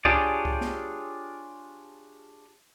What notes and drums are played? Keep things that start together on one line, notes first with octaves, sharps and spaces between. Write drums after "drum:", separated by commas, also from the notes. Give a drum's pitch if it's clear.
D4 F4 G4 G#4 C#5 D5, drum: kick C2
drum: kick C2
drum: snare